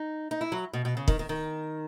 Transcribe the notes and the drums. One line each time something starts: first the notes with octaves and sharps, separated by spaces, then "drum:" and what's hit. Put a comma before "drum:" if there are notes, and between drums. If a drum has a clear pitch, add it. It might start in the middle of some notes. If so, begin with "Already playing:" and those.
Already playing: D#4
D#4
E4
F#3
B2
B2
C#3
D#3, drum: kick
D#3
D#3